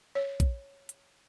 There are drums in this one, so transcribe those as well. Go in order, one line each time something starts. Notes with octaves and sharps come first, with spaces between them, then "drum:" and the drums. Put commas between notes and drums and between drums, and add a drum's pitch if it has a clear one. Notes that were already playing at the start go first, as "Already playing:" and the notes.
C#5
drum: kick, hi-hat
drum: hi-hat